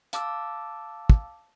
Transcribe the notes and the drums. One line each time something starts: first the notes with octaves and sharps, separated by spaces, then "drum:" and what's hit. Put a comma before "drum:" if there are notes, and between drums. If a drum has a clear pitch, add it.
F5 A5 D6 E6, drum: hi-hat
drum: kick